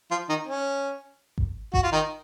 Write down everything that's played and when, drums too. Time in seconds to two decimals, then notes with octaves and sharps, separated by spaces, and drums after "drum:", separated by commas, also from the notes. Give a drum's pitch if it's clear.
0.11 F3 F4
0.29 D#3 D#4
0.47 C#4
1.38 drum: kick G#1
1.74 F#4, drum: kick G#1
1.83 F4
1.92 D#3 D#4